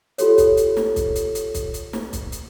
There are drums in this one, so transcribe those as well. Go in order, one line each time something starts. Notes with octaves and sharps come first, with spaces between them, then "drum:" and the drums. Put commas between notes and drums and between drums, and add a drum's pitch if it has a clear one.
F4 G4 A4 C#5, drum: hi-hat
drum: kick, hi-hat
drum: hi-hat
drum: snare
drum: kick, hi-hat
drum: hi-hat
drum: hi-hat
drum: kick, hi-hat
drum: hi-hat
drum: snare
drum: kick, hi-hat
drum: hi-hat